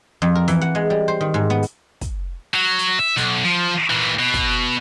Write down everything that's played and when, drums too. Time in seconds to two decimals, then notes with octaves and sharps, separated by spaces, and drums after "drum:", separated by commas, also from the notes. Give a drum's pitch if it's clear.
0.22 F2
0.35 A#4
0.48 E3, drum: hi-hat
0.61 F#5
0.75 G#3
0.90 G3
1.08 C5
1.21 D#3
1.34 G#2
1.50 B3
1.63 drum: hi-hat
2.01 drum: kick, hi-hat
2.54 F#3
2.79 drum: hi-hat
2.99 E5
3.17 B1, drum: hi-hat
3.44 F3
3.90 A#2 E3
4.19 B2
4.34 drum: kick, hi-hat